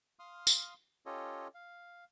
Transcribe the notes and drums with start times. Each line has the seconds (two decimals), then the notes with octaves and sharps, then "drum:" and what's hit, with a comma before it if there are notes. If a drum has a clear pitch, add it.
0.19 F5 C6 D#6 F6
0.47 drum: tambourine
1.06 C#4 F4 G4 A4 C#5 D#5
1.54 F5